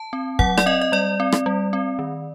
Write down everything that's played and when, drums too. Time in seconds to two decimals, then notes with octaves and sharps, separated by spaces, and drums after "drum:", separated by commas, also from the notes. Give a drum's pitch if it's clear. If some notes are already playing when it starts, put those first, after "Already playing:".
Already playing: A5
0.13 C4
0.39 F#3 F#5, drum: kick
0.58 D5, drum: rim click
0.66 C4 D#5
0.81 D#5
0.92 G3 D5
1.20 C4
1.32 drum: rim click
1.46 G3
1.73 C4
1.99 D#3